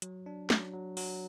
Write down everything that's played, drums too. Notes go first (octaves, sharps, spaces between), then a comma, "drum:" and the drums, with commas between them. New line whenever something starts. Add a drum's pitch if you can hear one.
F#3, drum: hi-hat
D4
F#3, drum: snare
F#3
F#3, drum: open hi-hat